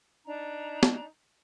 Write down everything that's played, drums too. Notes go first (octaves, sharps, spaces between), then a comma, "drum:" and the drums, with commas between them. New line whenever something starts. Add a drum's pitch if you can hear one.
D4 D#4 A#5
drum: snare